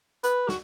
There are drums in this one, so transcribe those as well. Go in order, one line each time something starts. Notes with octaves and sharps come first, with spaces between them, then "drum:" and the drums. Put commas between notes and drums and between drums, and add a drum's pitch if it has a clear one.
B4, drum: hi-hat
F#4, drum: snare